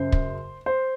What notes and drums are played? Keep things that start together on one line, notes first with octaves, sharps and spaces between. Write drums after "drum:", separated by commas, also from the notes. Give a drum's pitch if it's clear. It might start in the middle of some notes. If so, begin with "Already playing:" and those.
Already playing: F#2 C#3 C5
drum: kick
C5